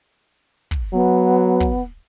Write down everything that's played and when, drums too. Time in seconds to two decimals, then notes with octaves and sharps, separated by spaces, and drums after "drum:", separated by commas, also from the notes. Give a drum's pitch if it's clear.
0.71 drum: kick
0.93 F#3 B3
1.60 drum: kick